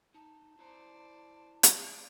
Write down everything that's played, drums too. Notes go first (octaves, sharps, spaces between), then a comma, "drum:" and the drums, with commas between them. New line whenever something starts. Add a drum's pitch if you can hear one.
D#4 A5
E4 C5 D5 A#5
D5 D#6, drum: hi-hat